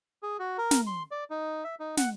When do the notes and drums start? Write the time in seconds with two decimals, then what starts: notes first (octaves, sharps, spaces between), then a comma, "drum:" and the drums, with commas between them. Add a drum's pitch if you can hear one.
0.23 G#4
0.39 F#4
0.58 A#4
0.71 drum: snare
0.87 C6
1.11 D5
1.30 D#4
1.64 E5
1.80 D#4
1.97 F#5, drum: snare